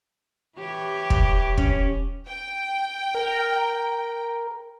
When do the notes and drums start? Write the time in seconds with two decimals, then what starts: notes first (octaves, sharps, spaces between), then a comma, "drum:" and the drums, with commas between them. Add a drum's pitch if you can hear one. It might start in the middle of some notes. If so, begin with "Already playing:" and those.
0.59 E3 G4 C#5
1.10 drum: kick
1.57 C#4, drum: kick
2.27 G5
3.15 A#4